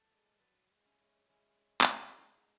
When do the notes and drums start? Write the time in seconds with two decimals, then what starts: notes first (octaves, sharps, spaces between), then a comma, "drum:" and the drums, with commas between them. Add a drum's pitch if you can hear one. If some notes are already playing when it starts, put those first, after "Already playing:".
Already playing: A4
0.12 G#3 B4 D5
0.40 F#3 B4 D5
0.71 G#3
0.84 C#4 E4
0.99 G#3
1.29 G#3 C#4 E4
1.81 drum: clap
2.17 B3 D4